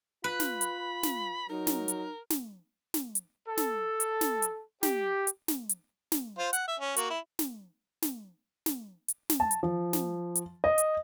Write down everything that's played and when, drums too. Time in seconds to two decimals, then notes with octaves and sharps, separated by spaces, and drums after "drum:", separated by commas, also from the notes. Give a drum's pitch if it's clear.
0.24 F4 B4 B5
0.40 drum: snare
0.61 drum: hi-hat
1.03 drum: snare
1.49 F#3 D#4 A#4
1.67 drum: snare
1.88 drum: hi-hat
2.30 drum: snare
2.94 drum: snare
3.15 drum: hi-hat
3.48 A4
3.57 drum: snare
4.00 drum: hi-hat
4.21 drum: snare
4.42 drum: hi-hat
4.83 G4, drum: snare
5.27 drum: hi-hat
5.48 drum: snare
5.69 drum: hi-hat
6.12 drum: snare
6.38 F4 C5
6.53 F#5, drum: hi-hat
6.68 E5
6.79 C#4
6.96 A#3 F#4, drum: hi-hat
7.10 E4
7.39 drum: snare
8.02 drum: snare
8.66 drum: snare
9.08 drum: hi-hat
9.30 drum: snare
9.40 A5
9.51 drum: hi-hat
9.63 F3
9.93 drum: snare
10.35 drum: hi-hat
10.64 D#5
10.78 drum: hi-hat